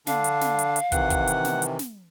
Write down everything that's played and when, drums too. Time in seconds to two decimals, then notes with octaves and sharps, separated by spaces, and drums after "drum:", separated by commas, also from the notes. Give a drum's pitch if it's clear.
0.07 D3 D4 F5, drum: snare
0.24 drum: hi-hat
0.41 drum: snare
0.59 drum: hi-hat
0.76 drum: hi-hat
0.92 C3 D#3 E3 F#5, drum: kick, hi-hat
1.10 drum: kick, hi-hat
1.27 drum: hi-hat
1.45 drum: snare
1.62 drum: hi-hat
1.79 drum: snare